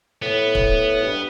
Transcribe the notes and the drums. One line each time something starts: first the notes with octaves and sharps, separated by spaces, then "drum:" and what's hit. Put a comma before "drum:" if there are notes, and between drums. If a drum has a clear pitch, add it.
A2 B3
drum: kick
G2